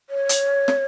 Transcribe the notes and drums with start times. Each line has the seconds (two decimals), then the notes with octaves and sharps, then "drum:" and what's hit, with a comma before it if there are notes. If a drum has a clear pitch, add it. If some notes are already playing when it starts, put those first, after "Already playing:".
0.10 C#5
0.29 drum: hi-hat
0.68 drum: snare